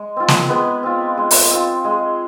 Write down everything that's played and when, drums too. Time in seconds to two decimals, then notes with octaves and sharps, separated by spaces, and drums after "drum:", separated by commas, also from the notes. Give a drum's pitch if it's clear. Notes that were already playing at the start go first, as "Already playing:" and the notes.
Already playing: G#3
0.16 C4 F4
0.28 drum: snare
0.49 G#3 B3 B4
0.83 C4 F4
1.17 G#3
1.31 drum: open hi-hat
1.51 C4 F4
1.85 G#3